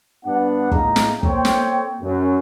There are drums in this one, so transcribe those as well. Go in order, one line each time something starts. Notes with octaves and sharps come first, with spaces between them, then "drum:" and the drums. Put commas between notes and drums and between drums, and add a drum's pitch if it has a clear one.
G2 B3 D4 F#5
A2 D#4 G#4 F5 A#5, drum: kick
drum: snare
A#3 C4 A4 C#5 G5, drum: kick
drum: snare
F#2